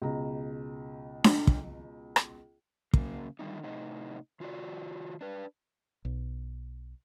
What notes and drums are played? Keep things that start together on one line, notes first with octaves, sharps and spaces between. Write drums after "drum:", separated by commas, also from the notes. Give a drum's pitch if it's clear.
C#2 B2 A#5
drum: snare D4
drum: kick
drum: rim click
C#3 A#3, drum: kick
D3 D#3 G3 C#4 D#4
A2 C3 D#4 D#5
D#3 F4 F#4 A#4 C5 D5
D4 B4
B1